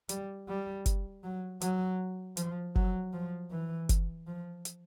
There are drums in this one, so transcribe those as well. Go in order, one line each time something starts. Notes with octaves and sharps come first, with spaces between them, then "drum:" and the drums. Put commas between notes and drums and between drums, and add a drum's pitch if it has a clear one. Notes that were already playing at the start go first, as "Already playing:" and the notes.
G3, drum: hi-hat
G3
drum: kick F#1, hi-hat
F#3
F#3, drum: hi-hat
F3, drum: hi-hat
F#3, drum: kick F#1
F3
E3
drum: kick F#1, hi-hat
F3
drum: hi-hat